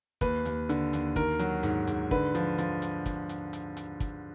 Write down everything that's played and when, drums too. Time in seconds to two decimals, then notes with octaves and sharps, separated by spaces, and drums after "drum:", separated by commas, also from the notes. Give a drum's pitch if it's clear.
0.21 D#2 B4, drum: kick, hi-hat
0.45 D#2, drum: hi-hat
0.69 D3, drum: hi-hat
0.93 D#2, drum: hi-hat
1.16 D#3 A#4, drum: kick, hi-hat
1.39 F#3, drum: hi-hat
1.63 G#2, drum: hi-hat
1.87 G#2, drum: hi-hat
2.11 D3 B4, drum: kick
2.35 F3, drum: hi-hat
2.58 F3, drum: hi-hat
2.82 drum: hi-hat
3.06 drum: kick, hi-hat
3.29 drum: hi-hat
3.53 drum: hi-hat
3.77 drum: hi-hat
4.00 drum: kick, hi-hat